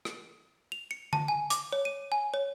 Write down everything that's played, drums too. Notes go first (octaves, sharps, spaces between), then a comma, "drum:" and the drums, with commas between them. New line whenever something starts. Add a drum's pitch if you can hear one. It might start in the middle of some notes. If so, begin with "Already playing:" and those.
drum: rim click
F7
C#7
A5, drum: tom D3
G#5
D6, drum: hi-hat
C#5
D#7
G#5
C#5